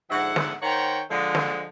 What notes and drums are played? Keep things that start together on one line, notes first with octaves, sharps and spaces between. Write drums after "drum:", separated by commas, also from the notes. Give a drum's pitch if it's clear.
G#2 D3 F3 E5 F#5
drum: snare
D#3 C5 C#5 F#5 G5 A#5
D3 F3 G#3
drum: snare